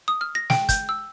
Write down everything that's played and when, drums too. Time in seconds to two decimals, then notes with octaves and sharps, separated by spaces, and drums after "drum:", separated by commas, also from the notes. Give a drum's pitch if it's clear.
0.08 D#6
0.21 F6
0.35 A#6
0.50 G5, drum: snare
0.69 G6, drum: kick, hi-hat
0.89 E6